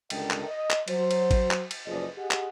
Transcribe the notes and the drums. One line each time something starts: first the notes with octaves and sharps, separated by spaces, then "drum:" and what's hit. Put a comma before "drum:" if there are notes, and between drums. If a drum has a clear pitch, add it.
C#2 G2 D3 A#4 D#5 G5, drum: cymbal
drum: clap
D#5
drum: clap
F#3 C5, drum: cymbal
drum: cymbal
drum: kick A1, cymbal
drum: clap
drum: cymbal
F#1 F3 G#4 B4 D5 D#5
G4 G#4 D#5 F#5
drum: clap